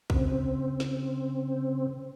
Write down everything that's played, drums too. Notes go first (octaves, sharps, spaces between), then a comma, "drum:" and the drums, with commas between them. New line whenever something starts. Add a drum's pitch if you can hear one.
C#3 C4, drum: kick
drum: snare